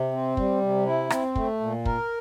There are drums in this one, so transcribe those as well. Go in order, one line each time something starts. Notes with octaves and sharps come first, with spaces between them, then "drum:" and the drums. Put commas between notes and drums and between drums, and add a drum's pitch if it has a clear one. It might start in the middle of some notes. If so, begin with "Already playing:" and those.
Already playing: C3
C4
G3, drum: kick
C3
E4
C4, drum: rim click
A3, drum: kick
A#2
A#4, drum: kick